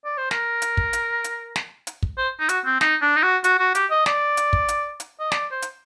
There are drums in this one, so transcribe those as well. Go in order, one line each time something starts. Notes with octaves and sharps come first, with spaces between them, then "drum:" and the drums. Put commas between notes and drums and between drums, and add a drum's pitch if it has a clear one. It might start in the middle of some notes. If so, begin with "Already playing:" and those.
D5
C5
A#4, drum: snare
drum: hi-hat
drum: kick
drum: hi-hat
drum: hi-hat
drum: snare
drum: hi-hat
drum: kick
C5
D#4
F#4, drum: hi-hat
C4
D#4, drum: snare
D4
D#4
F#4
F#4, drum: hi-hat
F#4
G4, drum: hi-hat
D#5
D5, drum: snare
drum: hi-hat
drum: kick
drum: hi-hat
drum: hi-hat
D#5
D5, drum: snare
C5
drum: hi-hat